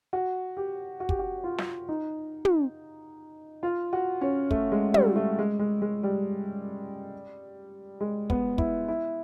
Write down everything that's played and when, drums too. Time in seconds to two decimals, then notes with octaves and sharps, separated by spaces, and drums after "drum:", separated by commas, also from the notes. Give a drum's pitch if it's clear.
0.13 F#4
0.57 G4
1.00 F#4
1.09 G4, drum: kick
1.19 F#4
1.44 F4
1.58 drum: snare
1.89 D#4
2.45 drum: tom
3.63 F4
3.93 F#4
4.21 C#4
4.51 A3, drum: kick
4.72 G#3
4.94 G3, drum: tom
5.16 A3
5.39 G#3
5.59 G#3
5.82 G#3
6.03 G3
8.01 G#3
8.30 B3, drum: kick
8.58 E4, drum: kick
8.88 E4